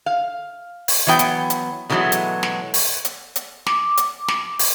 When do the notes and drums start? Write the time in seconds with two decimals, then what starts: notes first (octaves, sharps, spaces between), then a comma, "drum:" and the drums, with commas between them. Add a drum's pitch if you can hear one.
0.06 F5
0.88 drum: open hi-hat
1.07 E3 F#3 B3 G5
1.19 drum: hi-hat
1.50 drum: hi-hat
1.90 B2 D3 E3 F#3 G#3 A3
2.12 drum: hi-hat
2.43 drum: snare
2.74 drum: open hi-hat
3.05 drum: hi-hat
3.36 drum: hi-hat
3.66 D6, drum: snare
3.97 drum: hi-hat
4.28 drum: snare
4.59 drum: open hi-hat